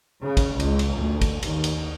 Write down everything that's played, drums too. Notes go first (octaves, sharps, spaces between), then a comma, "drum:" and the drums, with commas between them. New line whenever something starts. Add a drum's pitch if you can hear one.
C#3
drum: kick A1, cymbal
C#2, drum: cymbal
drum: cymbal
D2
drum: kick A1, cymbal
D#2, drum: cymbal
drum: cymbal